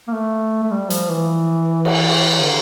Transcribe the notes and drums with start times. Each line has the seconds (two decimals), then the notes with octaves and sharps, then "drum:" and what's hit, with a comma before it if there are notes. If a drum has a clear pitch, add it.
0.08 A#3
0.13 A3
0.63 A3
0.71 G3
0.90 F3, drum: hi-hat
1.08 E3
1.85 drum: cymbal
2.41 D3